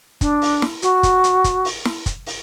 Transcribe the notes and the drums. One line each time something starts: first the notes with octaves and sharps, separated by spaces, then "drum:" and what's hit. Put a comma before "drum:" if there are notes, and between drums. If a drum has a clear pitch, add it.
D4, drum: kick, hi-hat
drum: open hi-hat
drum: snare
F#4, drum: hi-hat
drum: kick, hi-hat
drum: hi-hat
drum: kick, hi-hat
drum: open hi-hat
drum: snare
drum: kick, hi-hat
drum: open hi-hat